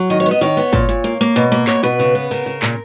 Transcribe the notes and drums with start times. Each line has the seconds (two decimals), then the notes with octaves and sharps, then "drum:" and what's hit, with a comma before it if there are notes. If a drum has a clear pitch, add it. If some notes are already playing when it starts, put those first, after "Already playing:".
Already playing: F#3
0.10 D#3 D#5
0.20 C#5
0.26 B3
0.31 D#5
0.41 D#3 C#5, drum: hi-hat
0.57 B3
0.73 A#2, drum: kick
0.89 A#2
1.04 A#3, drum: hi-hat
1.21 A#3
1.36 B2
1.52 A#3
1.67 B2 C#5, drum: clap
1.83 B2 B4
1.99 C#3
2.15 B3
2.31 C#3 A#4, drum: hi-hat
2.46 C#3
2.62 A#2, drum: clap